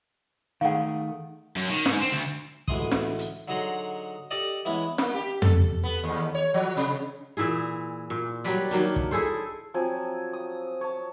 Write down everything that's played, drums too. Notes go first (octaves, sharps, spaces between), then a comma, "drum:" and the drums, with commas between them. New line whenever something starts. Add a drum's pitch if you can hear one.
D#3 A3 G#4 F5 F#5
F#2
D#3
G#2, drum: snare
C4
D2
A1 D2 E3 G#3 C6 D#6, drum: kick
drum: snare
drum: hi-hat
D3 F#3 D#4 G#4 A#5 C6
G4 A4 D5 D#5
E3 G#3 B3 C#4 E4
A#3, drum: snare
G4
A4, drum: tom
B3
D#2
C#5
F3
C3, drum: hi-hat
A#2 E3 E4 G#4
A#2
F#3 G3 B4 D5, drum: hi-hat
D#3 F#3 A#3 D4, drum: hi-hat
drum: kick
E4 G#4 A4 C5
F3 F#3 C4 G#5
D#6
C#5 A5